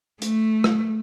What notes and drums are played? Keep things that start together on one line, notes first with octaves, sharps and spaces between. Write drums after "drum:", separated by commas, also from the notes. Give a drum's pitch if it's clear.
A3, drum: hi-hat
drum: rim click